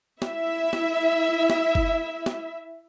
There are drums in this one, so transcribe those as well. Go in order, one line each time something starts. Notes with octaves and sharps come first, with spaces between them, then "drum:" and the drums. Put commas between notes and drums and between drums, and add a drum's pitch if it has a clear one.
E4 E5, drum: snare
drum: snare
drum: snare
drum: kick
drum: snare